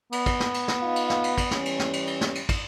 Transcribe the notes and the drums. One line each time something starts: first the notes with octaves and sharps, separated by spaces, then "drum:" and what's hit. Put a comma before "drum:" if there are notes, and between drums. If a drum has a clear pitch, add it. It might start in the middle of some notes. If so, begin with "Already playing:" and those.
B3, drum: cymbal
drum: kick, cymbal
drum: snare
drum: cymbal
drum: snare
D#4 F4 F5
drum: cymbal
drum: snare
drum: cymbal
drum: kick, cymbal
E3 G3 C#4, drum: snare
drum: cymbal
drum: snare
drum: cymbal
drum: cymbal
drum: snare
drum: cymbal
drum: kick, cymbal